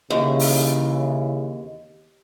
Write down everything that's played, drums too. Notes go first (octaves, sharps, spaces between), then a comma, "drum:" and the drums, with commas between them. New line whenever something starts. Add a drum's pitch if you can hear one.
D#2 C#3 E3
drum: open hi-hat